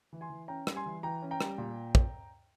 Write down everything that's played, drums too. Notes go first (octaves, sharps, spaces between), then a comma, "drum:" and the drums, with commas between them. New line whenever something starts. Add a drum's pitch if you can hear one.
E3
G#5 C6
E3
C#4 G5 A#5
G3, drum: rim click
G#5 C6
E3
E3 G5 A#5
C#4
G5 A#5
G3, drum: rim click
A#2
drum: kick